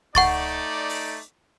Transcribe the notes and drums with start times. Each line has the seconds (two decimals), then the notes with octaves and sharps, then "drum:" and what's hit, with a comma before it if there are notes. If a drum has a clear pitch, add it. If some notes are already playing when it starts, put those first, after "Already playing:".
0.15 A3 D#4 D5 F#5 C#6 A6, drum: kick C#2, open hi-hat
0.89 drum: open hi-hat